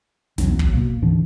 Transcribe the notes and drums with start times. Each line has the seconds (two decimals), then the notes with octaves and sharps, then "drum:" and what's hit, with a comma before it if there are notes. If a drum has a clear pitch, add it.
0.38 B1 E2 F#3, drum: snare
0.59 drum: kick
0.73 B2 A#3
1.02 D2 G#2 E3 D4